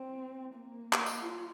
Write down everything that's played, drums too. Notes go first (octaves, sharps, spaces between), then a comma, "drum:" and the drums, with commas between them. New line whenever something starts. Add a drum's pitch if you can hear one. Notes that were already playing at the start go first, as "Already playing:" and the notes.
Already playing: C4
A#3
drum: clap
drum: tambourine
F4